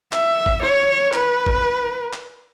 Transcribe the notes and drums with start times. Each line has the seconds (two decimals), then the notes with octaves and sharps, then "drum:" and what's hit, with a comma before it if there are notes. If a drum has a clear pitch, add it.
0.13 E5, drum: clap
0.46 drum: kick
0.63 C#5
1.13 B4, drum: clap
1.46 drum: kick
2.13 drum: clap